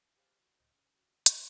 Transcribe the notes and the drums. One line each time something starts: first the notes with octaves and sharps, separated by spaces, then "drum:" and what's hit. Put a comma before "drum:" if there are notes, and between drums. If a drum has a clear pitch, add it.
G4 G#4 B4 C5 D5 F5
F#4
C#2 A2 C5 D#5
C#3
C#3 F#4
G2, drum: hi-hat